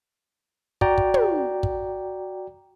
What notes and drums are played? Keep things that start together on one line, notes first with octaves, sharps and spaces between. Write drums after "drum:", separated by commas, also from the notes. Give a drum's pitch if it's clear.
F#4 D5 G5 A#5, drum: kick
drum: kick
drum: tom
drum: kick